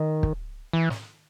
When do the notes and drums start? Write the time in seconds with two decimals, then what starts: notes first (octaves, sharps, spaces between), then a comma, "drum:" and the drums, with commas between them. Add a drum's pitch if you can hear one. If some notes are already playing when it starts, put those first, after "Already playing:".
Already playing: D#3
0.23 drum: kick
0.73 E3
0.90 drum: snare